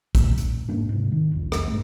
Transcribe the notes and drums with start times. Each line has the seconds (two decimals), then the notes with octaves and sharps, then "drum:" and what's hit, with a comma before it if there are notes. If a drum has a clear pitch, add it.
0.15 D#1 A#1 A2, drum: kick A1, hi-hat
0.38 drum: hi-hat
0.69 F1 G#2 A#3 D4
0.89 G#2 C3
1.12 D#3
1.32 E1 B1 F2
1.52 drum: rim click
1.68 G2 A3